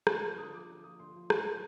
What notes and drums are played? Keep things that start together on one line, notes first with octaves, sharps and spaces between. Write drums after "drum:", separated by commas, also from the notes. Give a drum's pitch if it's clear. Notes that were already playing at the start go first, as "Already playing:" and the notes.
D3, drum: rim click
F3 F6
D3 D#6
F3 D6
D3
F3 D#6
D3 C6
F3
drum: rim click